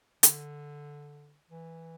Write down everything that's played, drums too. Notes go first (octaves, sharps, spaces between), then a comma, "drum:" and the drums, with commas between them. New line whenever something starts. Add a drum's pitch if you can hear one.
D3, drum: hi-hat
E3